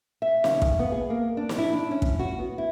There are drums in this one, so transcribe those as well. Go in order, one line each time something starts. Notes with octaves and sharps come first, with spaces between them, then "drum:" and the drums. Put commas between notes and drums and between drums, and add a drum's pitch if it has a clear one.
E5
C#3, drum: snare
drum: kick
B3
G#4
A#3
D4
drum: snare
E4
D4
C#4
drum: kick
F#4
B3
E4